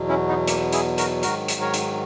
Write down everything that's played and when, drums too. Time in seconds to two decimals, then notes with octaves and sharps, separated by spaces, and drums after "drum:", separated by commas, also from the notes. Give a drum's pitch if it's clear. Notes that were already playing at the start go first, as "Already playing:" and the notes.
Already playing: E2 B2 F#3
0.09 C#4 E4
0.28 B3 D#4
0.47 A#3, drum: hi-hat
0.72 E4 G#4, drum: hi-hat
0.98 F#4 A#4, drum: hi-hat
1.23 G#2 D#3 F#3 F#4 A#4, drum: hi-hat
1.48 drum: hi-hat
1.61 A#4 C#5
1.74 drum: hi-hat